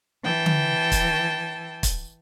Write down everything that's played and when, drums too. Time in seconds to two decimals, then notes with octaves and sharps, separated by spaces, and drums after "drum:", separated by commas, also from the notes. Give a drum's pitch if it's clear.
0.23 E3 G5 A5
0.46 drum: tom D3
0.92 drum: kick, hi-hat
1.83 drum: kick, hi-hat